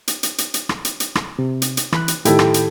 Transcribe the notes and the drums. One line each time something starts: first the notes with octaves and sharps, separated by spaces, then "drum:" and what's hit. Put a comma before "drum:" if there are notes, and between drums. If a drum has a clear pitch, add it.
drum: hi-hat
drum: hi-hat
drum: hi-hat
drum: hi-hat
drum: rim click
drum: hi-hat
drum: hi-hat
drum: rim click
C3
drum: hi-hat
drum: hi-hat
E3 B5 F#6, drum: rim click
drum: hi-hat
A2 D#3 E4 G4 A4 G5, drum: hi-hat
drum: rim click
drum: hi-hat